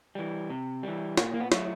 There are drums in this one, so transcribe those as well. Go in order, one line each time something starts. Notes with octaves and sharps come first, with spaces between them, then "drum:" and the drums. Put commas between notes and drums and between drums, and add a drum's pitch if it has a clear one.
E3 G3
C3
E3 G3
A#2 A#3, drum: snare
A#3
B3
F#3 A3, drum: snare